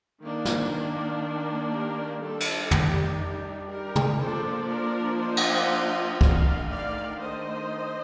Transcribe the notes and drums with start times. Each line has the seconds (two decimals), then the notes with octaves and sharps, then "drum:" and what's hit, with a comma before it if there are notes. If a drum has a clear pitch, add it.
0.22 D#3 A#3 D4
0.45 drum: snare
1.72 G4 A#4
2.21 G3 D4 F4 A4
2.40 drum: cymbal
2.71 D#4 G4, drum: tom
3.71 G4 A#4
3.96 drum: tom
4.21 F3 A#3 D4 A4 C5
4.71 A#4 D5
5.21 C5 D#5
5.37 drum: cymbal
6.21 D#3 A3 D4 D5 F5, drum: kick
6.71 D5 F5
7.21 C5 D#5